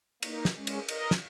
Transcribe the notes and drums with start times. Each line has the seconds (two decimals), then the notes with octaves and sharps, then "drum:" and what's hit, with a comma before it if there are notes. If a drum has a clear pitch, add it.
0.22 A#3 D#4, drum: cymbal
0.45 drum: snare
0.56 G#3 C#4
0.67 drum: cymbal
0.88 A#4 D#5, drum: cymbal
1.11 drum: snare